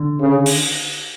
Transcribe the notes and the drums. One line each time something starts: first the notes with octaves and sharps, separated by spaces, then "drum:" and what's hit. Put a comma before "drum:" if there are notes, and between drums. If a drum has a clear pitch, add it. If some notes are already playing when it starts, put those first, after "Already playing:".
Already playing: D3
C#3
drum: open hi-hat